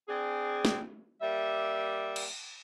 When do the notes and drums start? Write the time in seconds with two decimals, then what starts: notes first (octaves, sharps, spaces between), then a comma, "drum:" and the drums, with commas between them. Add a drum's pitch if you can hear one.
0.08 C4 D4 G#4
0.65 drum: snare
1.21 G3 A#3 E5
2.16 drum: cymbal